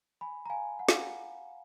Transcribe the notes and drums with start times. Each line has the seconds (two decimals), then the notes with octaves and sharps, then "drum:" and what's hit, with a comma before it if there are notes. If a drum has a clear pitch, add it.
0.21 G#5 B5
0.46 A#5
0.50 F5 G#5
0.79 F#5
0.89 F5, drum: snare